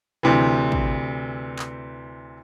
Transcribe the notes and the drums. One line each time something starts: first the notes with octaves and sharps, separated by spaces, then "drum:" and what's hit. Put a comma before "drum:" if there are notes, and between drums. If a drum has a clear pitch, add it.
D2 C3 E3
drum: kick
drum: clap